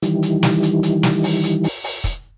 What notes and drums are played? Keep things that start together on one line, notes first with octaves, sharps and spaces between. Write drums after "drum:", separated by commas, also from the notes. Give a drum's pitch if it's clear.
D#3 E3 G3, drum: hi-hat
drum: hi-hat
drum: snare
drum: hi-hat
drum: hi-hat
drum: snare
drum: open hi-hat
drum: hi-hat
drum: open hi-hat
drum: open hi-hat
drum: kick, hi-hat